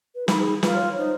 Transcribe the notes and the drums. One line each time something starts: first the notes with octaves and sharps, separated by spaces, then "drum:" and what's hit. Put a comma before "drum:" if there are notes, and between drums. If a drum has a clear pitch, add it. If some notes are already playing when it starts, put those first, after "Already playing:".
B4
D#4 B5, drum: snare
G#4
F4 B4, drum: snare
C#5
D#4 C5